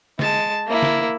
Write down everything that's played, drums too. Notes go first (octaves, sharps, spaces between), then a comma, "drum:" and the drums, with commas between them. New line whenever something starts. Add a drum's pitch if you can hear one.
G#3 A5, drum: snare
A#3 E4
drum: snare